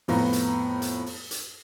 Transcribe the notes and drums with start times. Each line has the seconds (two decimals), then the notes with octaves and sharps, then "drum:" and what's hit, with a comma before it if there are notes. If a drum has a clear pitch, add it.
0.08 F2 A2 B3 F5 A#5, drum: open hi-hat
0.33 drum: hi-hat
0.82 drum: hi-hat
1.06 drum: open hi-hat
1.31 drum: hi-hat